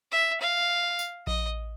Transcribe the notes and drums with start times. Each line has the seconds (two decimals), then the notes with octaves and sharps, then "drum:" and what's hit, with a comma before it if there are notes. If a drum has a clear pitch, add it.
0.12 E5
0.41 F5
0.99 drum: tambourine
1.27 D#5, drum: kick A#1